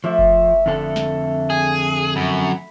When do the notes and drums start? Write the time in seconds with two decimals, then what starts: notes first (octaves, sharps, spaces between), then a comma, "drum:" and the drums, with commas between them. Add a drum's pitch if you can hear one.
0.04 F3 A3 E5 D6
0.19 drum: kick F#1
0.66 F2 D3 A4
0.96 drum: snare
1.50 G#4
2.16 F#2 B5